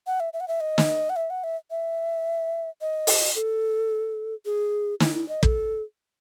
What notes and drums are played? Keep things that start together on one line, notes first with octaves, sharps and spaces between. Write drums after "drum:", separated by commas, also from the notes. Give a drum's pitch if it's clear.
F#5
E5
E5
F#5
E5
D#5
drum: snare
F#5
E5
F#5
E5
E5
D#5
drum: open hi-hat
A4
G#4
E4, drum: snare
E4
D#5
A4, drum: kick